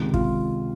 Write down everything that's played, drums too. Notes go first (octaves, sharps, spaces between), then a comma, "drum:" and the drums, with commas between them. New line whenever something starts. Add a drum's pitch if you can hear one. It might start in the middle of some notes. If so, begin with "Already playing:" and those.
Already playing: C#2 C3 D#3 G#3
F4, drum: kick